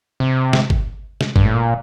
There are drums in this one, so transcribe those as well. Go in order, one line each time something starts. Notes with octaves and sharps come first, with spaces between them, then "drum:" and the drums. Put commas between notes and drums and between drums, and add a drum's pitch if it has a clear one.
C3
drum: snare
drum: kick G1
drum: snare
G2, drum: kick G1
A2
A#2